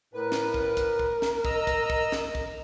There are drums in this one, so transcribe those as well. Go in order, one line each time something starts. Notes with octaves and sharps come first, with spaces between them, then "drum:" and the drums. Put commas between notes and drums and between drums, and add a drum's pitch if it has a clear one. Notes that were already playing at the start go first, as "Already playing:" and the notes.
A2 A#4 B4
drum: snare
drum: kick
drum: kick, hi-hat
drum: kick
drum: snare
D#5 A#5 E6, drum: kick
drum: kick, hi-hat
drum: kick
drum: snare
drum: kick